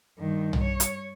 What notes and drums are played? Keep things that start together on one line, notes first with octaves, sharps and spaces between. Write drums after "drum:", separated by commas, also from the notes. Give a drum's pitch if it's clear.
G2 D#3
drum: tom
C#5
drum: hi-hat